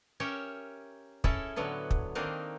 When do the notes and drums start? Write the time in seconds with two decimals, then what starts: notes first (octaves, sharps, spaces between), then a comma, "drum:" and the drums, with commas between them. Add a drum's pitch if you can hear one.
0.20 C#4 G4 A#4 C#5 E5
1.24 C#4 E4 G#4 A4 E5, drum: kick
1.56 A2 D3 F#3 B3 B4
1.91 drum: kick
2.15 D#3 A#3 C4 D4 D#4